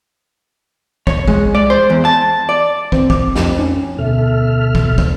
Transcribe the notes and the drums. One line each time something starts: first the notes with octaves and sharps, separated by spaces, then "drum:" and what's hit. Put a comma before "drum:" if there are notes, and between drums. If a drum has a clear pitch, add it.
C#5, drum: kick
G#3, drum: kick
D5
C5
E2
A5
D5
C4, drum: kick
D6, drum: kick
F2, drum: snare
C#4
D2 B2 A4 E5 F6
drum: kick
drum: kick